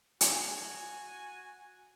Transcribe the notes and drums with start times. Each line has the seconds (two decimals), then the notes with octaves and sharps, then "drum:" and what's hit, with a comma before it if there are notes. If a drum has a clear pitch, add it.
0.21 F#4 G#5, drum: hi-hat